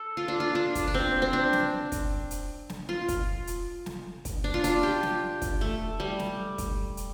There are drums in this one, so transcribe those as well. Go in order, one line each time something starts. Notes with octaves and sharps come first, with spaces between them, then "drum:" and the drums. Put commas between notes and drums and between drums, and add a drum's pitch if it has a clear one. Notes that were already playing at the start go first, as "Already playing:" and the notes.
Already playing: A4
F4
D4
F4
D4
drum: kick, hi-hat
D4
C4
C4
D4
drum: snare
drum: kick, hi-hat
drum: hi-hat
drum: snare
F4
drum: kick, hi-hat
drum: hi-hat
drum: snare
drum: kick, hi-hat
D4
F4
D4, drum: hi-hat
G4
drum: snare
drum: kick, hi-hat
A3
G3
drum: snare
drum: kick, hi-hat
drum: hi-hat